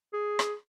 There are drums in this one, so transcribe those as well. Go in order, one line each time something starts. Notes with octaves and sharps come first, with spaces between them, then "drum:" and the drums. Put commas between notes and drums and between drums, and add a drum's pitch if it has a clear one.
G#4
drum: rim click